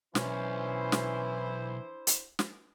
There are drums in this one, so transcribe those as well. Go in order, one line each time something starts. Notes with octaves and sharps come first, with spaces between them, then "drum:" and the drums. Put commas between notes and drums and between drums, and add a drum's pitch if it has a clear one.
B1 E3 C#4 D4 E4 C5, drum: snare
drum: snare
drum: hi-hat
drum: snare